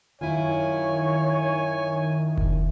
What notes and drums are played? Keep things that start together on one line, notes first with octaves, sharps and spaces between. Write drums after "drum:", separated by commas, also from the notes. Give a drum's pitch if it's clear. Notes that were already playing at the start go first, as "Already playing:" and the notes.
F#2 D#3 E4 F4 C#5 G#5
drum: kick F1